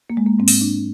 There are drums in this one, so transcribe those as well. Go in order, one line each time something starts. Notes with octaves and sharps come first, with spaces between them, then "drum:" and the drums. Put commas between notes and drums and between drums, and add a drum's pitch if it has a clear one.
A#3
G#3
A#3
G#2 C4
drum: open hi-hat
D4